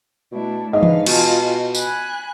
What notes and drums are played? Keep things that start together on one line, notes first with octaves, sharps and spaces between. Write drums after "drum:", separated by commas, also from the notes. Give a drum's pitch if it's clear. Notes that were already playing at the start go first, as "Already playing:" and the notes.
B2 A3 D4 E4
G#2 D3 B4 D#5 F5
drum: tom E3
B2 F4 G#4 A5, drum: cymbal
G#5 B5 F#6, drum: tambourine